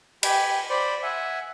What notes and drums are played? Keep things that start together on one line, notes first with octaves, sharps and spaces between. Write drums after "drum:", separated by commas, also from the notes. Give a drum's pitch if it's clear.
G4 G#5 B5, drum: cymbal
C5 D5 B5
E5 F#5 G#5